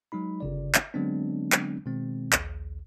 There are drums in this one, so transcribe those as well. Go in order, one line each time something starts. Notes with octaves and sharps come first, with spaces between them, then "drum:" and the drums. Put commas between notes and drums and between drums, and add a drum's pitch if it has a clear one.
F#3 G#3 D#4 B5
G1 C#3 D5
drum: clap
D3 F#3 G#3 B3 C4 D4
drum: clap
B2 D#3 G#3 C4
A#1 D#2, drum: clap